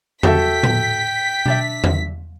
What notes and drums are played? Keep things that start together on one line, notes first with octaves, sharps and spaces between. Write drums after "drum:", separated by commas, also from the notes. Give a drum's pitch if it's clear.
F#4 A4 E5 G5 B6, drum: tom E2
drum: tom A2
D4 D5 E5, drum: tom B2
drum: tom E2